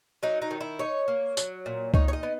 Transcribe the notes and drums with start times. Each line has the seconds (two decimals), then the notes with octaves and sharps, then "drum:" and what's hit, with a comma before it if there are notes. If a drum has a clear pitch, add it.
0.23 F#3 D#4
0.42 D#4
0.51 D#3
0.61 E4
0.79 D#4 C#5
1.08 A#3
1.37 F#3, drum: tambourine
1.66 A#2
1.94 D#4 C#5, drum: kick C#2
2.08 C#5
2.13 D#5
2.23 B3